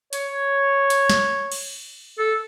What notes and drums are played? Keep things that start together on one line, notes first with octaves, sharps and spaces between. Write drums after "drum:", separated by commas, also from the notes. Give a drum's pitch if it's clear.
C#5, drum: hi-hat
drum: hi-hat
drum: snare
drum: cymbal
A4